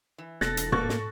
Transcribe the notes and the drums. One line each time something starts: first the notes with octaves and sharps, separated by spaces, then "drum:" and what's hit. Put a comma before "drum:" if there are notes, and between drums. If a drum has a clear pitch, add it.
E3
E1 A4 F#6 A6 A#6, drum: snare
drum: hi-hat
A#3 A4 C#6 F#6 A6, drum: tom
drum: snare